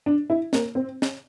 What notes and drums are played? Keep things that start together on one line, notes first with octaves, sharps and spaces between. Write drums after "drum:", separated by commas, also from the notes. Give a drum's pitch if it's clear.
D4
E4
A#3, drum: snare
C4
drum: snare